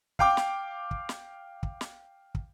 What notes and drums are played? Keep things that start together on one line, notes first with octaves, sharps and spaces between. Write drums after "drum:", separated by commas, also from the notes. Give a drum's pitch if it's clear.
F5 G5 D6, drum: kick
drum: snare
drum: kick
drum: snare
drum: kick
drum: snare
drum: kick